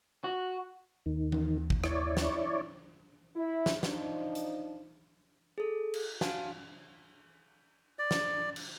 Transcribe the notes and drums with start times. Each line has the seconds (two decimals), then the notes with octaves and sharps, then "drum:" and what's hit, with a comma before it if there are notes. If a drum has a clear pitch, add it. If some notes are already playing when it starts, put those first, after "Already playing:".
0.24 F#4
1.06 D#2 D#3
1.32 drum: tom E3
1.70 drum: kick
1.84 E4 C#5 D5, drum: rim click
2.17 drum: snare
3.36 E4
3.66 drum: snare
3.83 F3 D4 D#4, drum: snare
4.35 drum: hi-hat
5.58 G#4 A4
5.94 drum: cymbal
6.21 F#4 F5 G#5 A5, drum: snare
7.99 D5
8.11 drum: snare
8.56 drum: cymbal